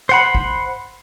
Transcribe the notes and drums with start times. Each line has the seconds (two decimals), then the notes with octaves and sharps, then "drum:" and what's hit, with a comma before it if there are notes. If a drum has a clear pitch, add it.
0.09 C5 F#5 B5, drum: hi-hat
0.35 drum: kick G#1